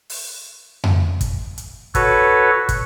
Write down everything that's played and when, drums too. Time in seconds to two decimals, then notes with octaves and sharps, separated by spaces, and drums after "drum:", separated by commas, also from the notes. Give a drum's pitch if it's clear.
0.10 drum: open hi-hat
0.84 drum: tom F2
1.21 drum: kick, hi-hat
1.58 drum: hi-hat
1.95 F#4 A4 B4 C#5, drum: kick, hi-hat
2.69 drum: kick, hi-hat